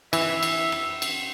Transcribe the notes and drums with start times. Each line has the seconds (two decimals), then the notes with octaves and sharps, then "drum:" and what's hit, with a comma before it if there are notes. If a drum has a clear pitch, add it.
0.13 E3 E5, drum: cymbal
0.43 drum: cymbal
0.72 drum: rim click
1.02 drum: cymbal